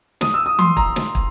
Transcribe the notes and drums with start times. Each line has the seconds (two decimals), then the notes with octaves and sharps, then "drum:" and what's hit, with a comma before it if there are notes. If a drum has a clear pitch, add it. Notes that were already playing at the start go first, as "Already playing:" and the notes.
0.21 D#6, drum: snare
0.34 E6
0.46 D#6
0.59 C6, drum: tom E3
0.77 A#5, drum: kick
0.96 drum: snare
1.15 drum: kick